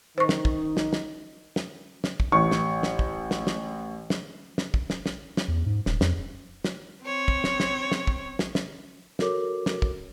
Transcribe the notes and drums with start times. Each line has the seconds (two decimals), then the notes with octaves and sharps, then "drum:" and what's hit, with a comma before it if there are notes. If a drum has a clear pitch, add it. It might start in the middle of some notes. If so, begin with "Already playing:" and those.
0.18 D#3 D#4 C5 C#6
0.29 drum: snare
0.45 drum: kick
0.77 drum: snare
0.93 drum: snare
1.56 drum: snare
2.04 drum: snare
2.20 drum: kick
2.32 A1 C#6
2.51 drum: snare
2.83 drum: snare
2.99 drum: kick
3.31 drum: snare
3.47 drum: snare
4.10 drum: snare
4.58 drum: snare
4.74 drum: kick
4.90 drum: snare
5.06 drum: snare
5.37 drum: snare
5.48 E2
5.66 G#2
5.86 D#1, drum: snare
6.01 F2, drum: snare
6.64 drum: snare
7.03 C4 C#5
7.28 drum: kick
7.44 drum: snare
7.60 drum: snare
7.92 drum: snare
8.07 drum: kick
8.39 drum: snare
8.55 drum: snare
9.19 F#4 A4 A#4 C#5 D6, drum: snare
9.66 drum: snare
9.82 drum: kick